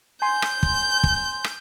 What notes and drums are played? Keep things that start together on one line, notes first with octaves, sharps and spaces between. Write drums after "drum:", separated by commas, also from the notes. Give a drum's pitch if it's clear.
G#5 C6 G6
drum: rim click
drum: kick
drum: kick
drum: rim click